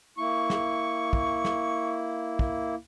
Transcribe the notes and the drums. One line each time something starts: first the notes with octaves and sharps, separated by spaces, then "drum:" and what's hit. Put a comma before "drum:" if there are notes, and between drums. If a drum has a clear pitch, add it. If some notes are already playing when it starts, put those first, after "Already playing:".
A#3 E4 C#6
drum: snare
drum: kick
drum: snare
drum: kick